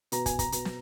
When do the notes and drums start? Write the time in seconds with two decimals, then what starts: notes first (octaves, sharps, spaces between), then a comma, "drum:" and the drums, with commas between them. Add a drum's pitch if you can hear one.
0.12 B2 A#5, drum: hi-hat
0.26 G#5, drum: kick, hi-hat
0.39 A#5, drum: kick, hi-hat
0.52 B2, drum: hi-hat
0.65 drum: snare